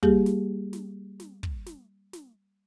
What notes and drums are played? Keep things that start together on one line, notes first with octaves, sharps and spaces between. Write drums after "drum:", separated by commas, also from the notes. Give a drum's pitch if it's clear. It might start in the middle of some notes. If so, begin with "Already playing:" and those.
G3 A#3 G4 G#4, drum: kick
drum: snare
drum: snare
drum: snare
drum: kick
drum: snare
drum: snare